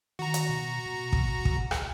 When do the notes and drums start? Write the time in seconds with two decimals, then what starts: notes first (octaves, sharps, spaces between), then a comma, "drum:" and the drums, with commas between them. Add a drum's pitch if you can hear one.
0.19 D#3 F#4 A#5
0.34 drum: hi-hat
0.49 B2
0.86 B2
1.13 drum: kick
1.45 drum: kick
1.71 C#2, drum: rim click